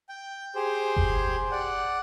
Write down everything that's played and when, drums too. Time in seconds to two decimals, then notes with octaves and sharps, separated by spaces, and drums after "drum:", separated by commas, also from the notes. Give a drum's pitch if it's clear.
0.09 G5
0.55 G4 G#4 C5
0.96 drum: kick F#1
1.51 D5 F#5